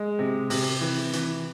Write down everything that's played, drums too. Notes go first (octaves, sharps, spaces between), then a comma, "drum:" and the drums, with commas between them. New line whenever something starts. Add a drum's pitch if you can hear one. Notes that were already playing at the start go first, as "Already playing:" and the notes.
Already playing: G#3
C3
C3, drum: open hi-hat
E3
E3, drum: hi-hat